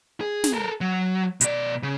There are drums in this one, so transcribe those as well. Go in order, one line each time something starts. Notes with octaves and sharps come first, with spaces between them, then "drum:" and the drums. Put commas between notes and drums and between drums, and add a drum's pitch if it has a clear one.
G#4
drum: snare
A4 A#4
F#3
B2 D5, drum: hi-hat
C#3